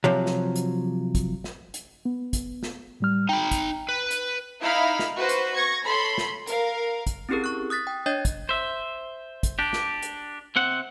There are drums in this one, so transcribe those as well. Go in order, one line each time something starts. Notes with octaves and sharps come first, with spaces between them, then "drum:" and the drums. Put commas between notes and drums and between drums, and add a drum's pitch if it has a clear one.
C3 F3 F#3
drum: snare
drum: hi-hat
drum: kick, hi-hat
drum: snare
drum: hi-hat
B3
drum: kick, hi-hat
drum: snare
A2 G3 F6
D#4 G5 B5
drum: kick, hi-hat
B4
drum: hi-hat
D#4 E4 F5 B5 F6
drum: snare
F#4 B4 C5
drum: hi-hat
C#6 G#6 A#6
A4 C#5 B5 C6
drum: snare
A#4 F5, drum: hi-hat
drum: kick, hi-hat
C4 C#4 E4 G4 G#4 A#4
C#6 F#6
D#6 F#6 A6 B6
G5
D4 C#5 D#5 G5 G6 A6
drum: kick, hi-hat
C5 E5
drum: kick, hi-hat
D4 G4
drum: snare
drum: hi-hat
C3 C4 F#5